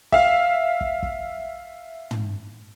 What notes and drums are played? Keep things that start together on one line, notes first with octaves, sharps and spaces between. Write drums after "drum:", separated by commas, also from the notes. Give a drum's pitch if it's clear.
E5 F5, drum: kick
drum: kick
drum: kick
drum: tom